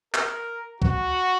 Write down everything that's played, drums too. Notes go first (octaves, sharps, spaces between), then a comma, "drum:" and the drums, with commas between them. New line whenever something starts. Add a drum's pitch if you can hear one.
A#4, drum: clap
F#4, drum: kick